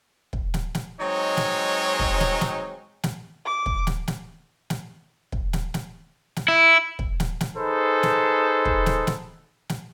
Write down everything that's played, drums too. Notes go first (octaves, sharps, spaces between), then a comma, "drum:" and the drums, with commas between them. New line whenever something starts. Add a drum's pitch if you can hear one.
drum: kick
drum: snare
drum: snare
F#3 G#3 C4 D#4 C#5
drum: snare
drum: kick
drum: snare
drum: snare
drum: snare
D6
drum: kick
drum: snare
drum: snare
drum: snare
drum: kick
drum: snare
drum: snare
drum: snare
E4
drum: kick
drum: snare
drum: snare
D#4 G#4 A4 B4 C5
drum: snare
drum: kick
drum: snare
drum: snare
drum: snare